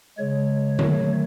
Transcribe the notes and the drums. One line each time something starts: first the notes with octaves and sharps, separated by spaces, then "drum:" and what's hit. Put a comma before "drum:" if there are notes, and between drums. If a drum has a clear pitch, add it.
C#3 G#3 C#5
D#3 F#3 A3, drum: tom D3